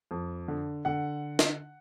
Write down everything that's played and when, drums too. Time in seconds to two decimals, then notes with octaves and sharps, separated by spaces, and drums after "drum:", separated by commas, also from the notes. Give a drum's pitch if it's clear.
0.11 F2
0.48 D3
0.85 D3 F#5
1.39 drum: snare